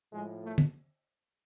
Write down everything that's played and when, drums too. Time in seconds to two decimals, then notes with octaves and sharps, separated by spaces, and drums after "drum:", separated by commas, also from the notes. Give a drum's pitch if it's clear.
0.13 A2 F3 G#3
0.43 A3
0.58 drum: tom